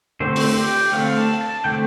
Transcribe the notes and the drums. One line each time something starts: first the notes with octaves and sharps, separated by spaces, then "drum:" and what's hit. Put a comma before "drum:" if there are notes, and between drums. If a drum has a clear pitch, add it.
D3 A3 C4 C5
drum: open hi-hat
G4
D3 A3 C4 F5
A5
A5
D3 A3 C4 G5